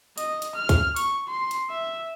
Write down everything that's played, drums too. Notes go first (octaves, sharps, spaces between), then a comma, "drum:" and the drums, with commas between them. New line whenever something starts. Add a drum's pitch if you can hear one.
D#5, drum: hi-hat
drum: hi-hat
F6
drum: kick, hi-hat
C#6, drum: hi-hat
C6
drum: hi-hat
E5